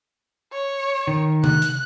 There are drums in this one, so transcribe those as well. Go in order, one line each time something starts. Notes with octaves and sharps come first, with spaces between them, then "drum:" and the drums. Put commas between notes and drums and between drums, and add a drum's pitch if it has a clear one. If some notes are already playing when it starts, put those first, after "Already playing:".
C#5
D#3
F#6, drum: tom C3
drum: hi-hat